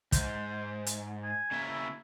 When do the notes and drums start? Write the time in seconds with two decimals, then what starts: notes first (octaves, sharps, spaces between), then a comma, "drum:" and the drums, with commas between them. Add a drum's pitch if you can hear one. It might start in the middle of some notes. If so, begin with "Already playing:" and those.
0.12 G#2 C5, drum: kick, hi-hat
0.86 drum: hi-hat
1.24 G#5
1.51 C#3 A#3 E5
1.70 E4